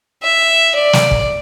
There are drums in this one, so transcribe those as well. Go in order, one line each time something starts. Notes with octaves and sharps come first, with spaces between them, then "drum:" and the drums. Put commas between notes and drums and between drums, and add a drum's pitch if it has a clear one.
E5
D5
drum: snare
drum: kick